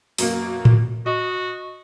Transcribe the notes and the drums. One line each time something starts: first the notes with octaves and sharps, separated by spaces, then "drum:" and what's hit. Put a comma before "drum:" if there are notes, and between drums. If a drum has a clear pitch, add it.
F#2 B2 A#3, drum: open hi-hat
drum: tom A2
F#4 D#5